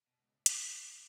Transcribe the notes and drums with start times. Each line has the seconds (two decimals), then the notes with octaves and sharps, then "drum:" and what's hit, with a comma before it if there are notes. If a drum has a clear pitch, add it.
0.07 B2
0.19 C#2
0.34 A2
0.46 F#2, drum: hi-hat
0.61 C#5
0.76 B4
0.93 A2